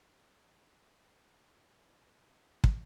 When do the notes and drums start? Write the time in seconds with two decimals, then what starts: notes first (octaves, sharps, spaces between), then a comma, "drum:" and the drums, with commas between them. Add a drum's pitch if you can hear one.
0.19 A1 D#3
2.64 drum: kick